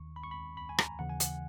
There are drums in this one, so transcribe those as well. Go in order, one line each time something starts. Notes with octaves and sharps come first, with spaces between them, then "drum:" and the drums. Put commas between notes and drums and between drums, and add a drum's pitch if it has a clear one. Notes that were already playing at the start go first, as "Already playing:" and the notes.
Already playing: D#2 D#3 C#6
B5
C#6
B5
B5
G#5
A#5, drum: rim click
D#2 C#3 E3 F#5
G#5
F#5, drum: hi-hat